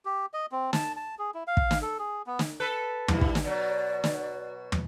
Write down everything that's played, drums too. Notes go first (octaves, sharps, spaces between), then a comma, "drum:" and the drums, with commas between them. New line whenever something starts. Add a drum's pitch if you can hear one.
G4
D#5
C4
A5, drum: snare
A5
G#4
E4
F5
drum: kick
drum: snare
A4
G#4
B3
drum: snare
A4 B4
G2 G3 E4, drum: tom
drum: kick
drum: snare
B2 F#3 D5
drum: snare
drum: tom